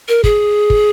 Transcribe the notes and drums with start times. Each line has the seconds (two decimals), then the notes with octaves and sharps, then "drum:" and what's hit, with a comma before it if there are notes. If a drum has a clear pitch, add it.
0.08 A#4
0.24 G#4, drum: kick
0.70 drum: kick